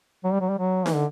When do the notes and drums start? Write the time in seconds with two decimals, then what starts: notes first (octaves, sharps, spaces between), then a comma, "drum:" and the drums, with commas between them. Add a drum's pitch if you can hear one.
0.24 F#3
0.33 G3
0.41 F#3
0.49 G3
0.59 F#3
0.86 E3, drum: snare D#4
0.95 D3